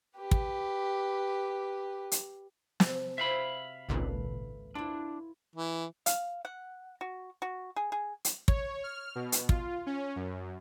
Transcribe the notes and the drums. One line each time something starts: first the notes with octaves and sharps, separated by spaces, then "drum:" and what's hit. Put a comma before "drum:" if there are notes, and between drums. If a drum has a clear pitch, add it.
G4 B4
drum: kick
drum: hi-hat
C3, drum: snare
F#4 C5 E5 F5 B5
G#1 C#2 A#2 A4 B4
D4 E4 F4
E3
F5, drum: hi-hat
F#5
F#4
F#4
G#4
G#4
drum: hi-hat
C#5, drum: kick
F6
B2
drum: hi-hat
F4, drum: kick
C#4
F#2